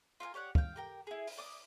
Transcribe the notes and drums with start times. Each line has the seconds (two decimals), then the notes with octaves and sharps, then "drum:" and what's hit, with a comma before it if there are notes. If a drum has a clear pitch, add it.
0.20 F4 A#4 F5 G#5
0.34 G4 C#5 D5 F#5
0.55 F5 G5, drum: kick
0.76 G4 A#4 G5
1.07 E4 G#4
1.27 drum: open hi-hat
1.37 D5 D6 D#6